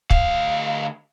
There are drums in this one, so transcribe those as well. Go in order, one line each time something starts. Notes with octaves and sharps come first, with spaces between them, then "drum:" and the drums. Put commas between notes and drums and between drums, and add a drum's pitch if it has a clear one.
D2 F5, drum: kick